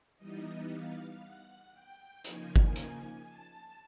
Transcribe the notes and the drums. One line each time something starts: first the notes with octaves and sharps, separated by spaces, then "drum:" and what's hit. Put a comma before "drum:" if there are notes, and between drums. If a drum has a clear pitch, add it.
E3 G3 B3 D#4 D#5
F5
F#5
G5
C#3 F3 A#3 D#4 G#5, drum: hi-hat
drum: kick G1
G#5, drum: hi-hat
A5